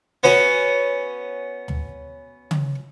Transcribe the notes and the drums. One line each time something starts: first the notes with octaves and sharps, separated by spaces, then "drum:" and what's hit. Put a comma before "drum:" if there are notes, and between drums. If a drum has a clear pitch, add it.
B3 C#4 F#4
drum: tom
drum: tom C#3